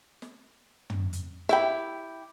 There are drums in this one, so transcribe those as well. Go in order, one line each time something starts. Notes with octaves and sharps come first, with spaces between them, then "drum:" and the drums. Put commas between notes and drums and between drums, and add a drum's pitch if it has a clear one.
drum: snare
drum: tom
drum: hi-hat
E4 G4 E5 G5 B5